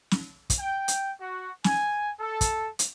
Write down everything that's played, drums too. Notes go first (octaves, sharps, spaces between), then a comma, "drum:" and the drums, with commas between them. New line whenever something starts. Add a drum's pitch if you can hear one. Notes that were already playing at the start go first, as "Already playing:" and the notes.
drum: snare
drum: kick, hi-hat
G5
drum: hi-hat
F#4
G#5, drum: snare
A4
drum: kick, hi-hat
drum: hi-hat